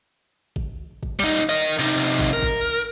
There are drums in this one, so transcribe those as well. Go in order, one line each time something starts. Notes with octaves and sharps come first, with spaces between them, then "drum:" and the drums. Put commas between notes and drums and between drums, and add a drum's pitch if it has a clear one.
drum: kick G#1
drum: kick G#1
G3 D#4
A#4 D#5
C3 D#4
drum: kick G#1
A#4
drum: kick G#1